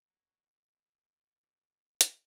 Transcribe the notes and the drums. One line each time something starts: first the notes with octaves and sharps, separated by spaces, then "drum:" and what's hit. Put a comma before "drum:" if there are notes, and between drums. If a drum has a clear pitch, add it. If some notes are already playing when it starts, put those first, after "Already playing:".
C#5 F#5 A#5 C#6
G#4 C#5 E5
F#4 D5
drum: hi-hat